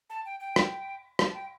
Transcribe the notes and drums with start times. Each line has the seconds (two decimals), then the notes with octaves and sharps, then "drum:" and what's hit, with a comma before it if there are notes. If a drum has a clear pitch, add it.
0.10 A5
0.25 G5
0.40 G5
0.56 drum: rim click
1.19 A5, drum: rim click
1.34 G5